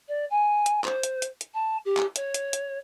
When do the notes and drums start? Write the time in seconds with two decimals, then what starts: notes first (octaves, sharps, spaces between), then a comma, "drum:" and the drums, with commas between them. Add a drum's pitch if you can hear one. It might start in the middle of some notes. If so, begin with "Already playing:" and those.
0.08 D5
0.30 G#5
0.66 drum: hi-hat
0.84 C5, drum: clap
1.03 drum: hi-hat
1.22 drum: hi-hat
1.41 drum: hi-hat
1.54 A5
1.85 G4
1.97 drum: clap
2.16 C#5, drum: hi-hat
2.34 drum: hi-hat
2.53 drum: hi-hat